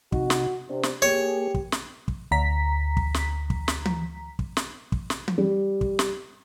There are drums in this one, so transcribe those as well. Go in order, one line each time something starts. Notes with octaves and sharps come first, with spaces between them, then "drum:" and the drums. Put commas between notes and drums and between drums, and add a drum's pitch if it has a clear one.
C3 D#4 F#4, drum: kick
drum: snare
C3 C4 D4
drum: snare
A#3 G4 G#4 C#5
drum: kick
drum: snare
drum: kick
D2 A#5 B6
drum: kick
drum: snare
drum: kick
drum: snare
drum: tom E3
drum: kick
drum: snare
drum: kick
drum: snare
drum: tom E3
G3
drum: kick
drum: snare